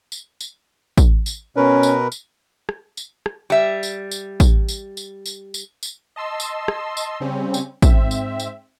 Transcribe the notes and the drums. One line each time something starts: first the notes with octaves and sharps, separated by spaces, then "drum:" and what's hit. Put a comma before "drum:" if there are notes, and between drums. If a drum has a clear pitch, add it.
drum: tambourine
drum: tambourine
drum: kick, tambourine
drum: tambourine
B2 C#4 A#4 B4
drum: tambourine
drum: tambourine
drum: rim click
drum: tambourine
drum: rim click
G3 E5
drum: tambourine
drum: tambourine
drum: kick, tambourine
drum: tambourine
drum: tambourine
drum: tambourine
drum: tambourine
drum: tambourine
D#5 A5 C6 E6
drum: tambourine
drum: rim click
drum: tambourine
C#3 G3 C4 C#4
drum: tambourine
G#2 C4 E5, drum: kick, tambourine
drum: tambourine
drum: tambourine